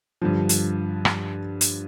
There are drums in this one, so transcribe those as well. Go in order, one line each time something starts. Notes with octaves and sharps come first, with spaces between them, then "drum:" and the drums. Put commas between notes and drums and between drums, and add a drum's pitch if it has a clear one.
G2 D3 F3
drum: hi-hat
drum: rim click
drum: hi-hat